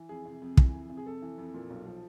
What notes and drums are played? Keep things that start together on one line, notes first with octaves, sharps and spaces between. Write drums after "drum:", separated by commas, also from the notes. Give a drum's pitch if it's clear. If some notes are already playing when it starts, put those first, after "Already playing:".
Already playing: E3
F2 G#4
C3
F2
E3, drum: kick
F2
C3
G#4
F2 A4
E3
F2
A#2
B1
F3